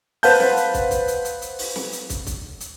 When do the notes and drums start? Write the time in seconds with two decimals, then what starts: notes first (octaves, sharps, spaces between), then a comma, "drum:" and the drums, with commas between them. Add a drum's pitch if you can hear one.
0.23 B4 C5 F5 F#5 A5 G6, drum: open hi-hat
0.40 drum: snare
0.57 drum: hi-hat
0.74 drum: kick, hi-hat
0.91 drum: kick, hi-hat
1.08 drum: hi-hat
1.25 drum: hi-hat
1.42 drum: hi-hat
1.59 drum: open hi-hat
1.76 drum: snare
1.93 drum: hi-hat
2.10 drum: kick, hi-hat
2.27 drum: kick, hi-hat
2.60 drum: hi-hat